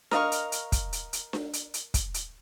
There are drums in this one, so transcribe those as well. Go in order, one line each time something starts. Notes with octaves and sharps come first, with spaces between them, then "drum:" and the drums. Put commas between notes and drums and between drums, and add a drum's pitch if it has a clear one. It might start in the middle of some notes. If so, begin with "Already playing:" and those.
A#4 D#5 F5 C#6, drum: snare D4
drum: hi-hat
drum: hi-hat
drum: kick, hi-hat
drum: hi-hat
drum: hi-hat
drum: snare D4
drum: hi-hat
drum: hi-hat
drum: kick, hi-hat
drum: hi-hat